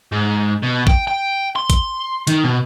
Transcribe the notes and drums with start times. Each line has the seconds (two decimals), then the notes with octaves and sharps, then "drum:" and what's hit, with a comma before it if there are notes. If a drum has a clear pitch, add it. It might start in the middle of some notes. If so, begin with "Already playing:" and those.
0.12 G#2
0.63 B2
0.87 G5, drum: kick A1
1.07 G5
1.56 C6
1.70 drum: kick A1, hi-hat
2.27 D#3, drum: hi-hat
2.43 B2